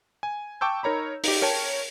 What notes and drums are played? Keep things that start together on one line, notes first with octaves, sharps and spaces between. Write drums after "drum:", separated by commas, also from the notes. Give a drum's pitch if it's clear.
G#5
G5 A5 C#6 D6 E6 G6
D#4 A#4 C#5 A#5 B5
D#4 G4, drum: open hi-hat
A#4 C#5 G5 A5